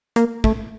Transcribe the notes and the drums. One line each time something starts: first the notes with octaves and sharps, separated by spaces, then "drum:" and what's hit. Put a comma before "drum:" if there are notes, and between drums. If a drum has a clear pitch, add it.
A#3, drum: hi-hat
A3, drum: kick